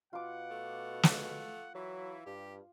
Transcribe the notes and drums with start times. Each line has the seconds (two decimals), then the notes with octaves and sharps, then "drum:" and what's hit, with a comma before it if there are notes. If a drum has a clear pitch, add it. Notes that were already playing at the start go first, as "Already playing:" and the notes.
0.13 B2 F4 F#5 D6
0.51 A3
1.03 drum: snare
1.75 E3 F#3 E4
2.26 G2 G4